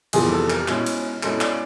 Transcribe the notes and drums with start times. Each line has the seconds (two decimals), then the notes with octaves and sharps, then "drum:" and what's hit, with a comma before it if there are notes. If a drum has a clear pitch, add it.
0.13 F2 C3 E3 G3 B3 G#4, drum: cymbal
0.32 A4
0.50 A#4, drum: clap
0.68 B2 G#3 C#4 E4, drum: clap
0.86 drum: cymbal
1.23 B2 G#3 C#4 E4 A4, drum: clap
1.41 D5, drum: clap